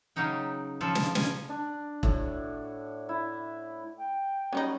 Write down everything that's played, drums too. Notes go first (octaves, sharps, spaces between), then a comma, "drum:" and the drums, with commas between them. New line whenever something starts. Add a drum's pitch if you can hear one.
C#3 F#3 C#4 D#4 G5
C#3 F3 A4 A5
drum: snare
C#4 G#5, drum: snare
D4
A2 F#4, drum: kick E1
E4
G5
F#3 G3 C#4 D#4 B5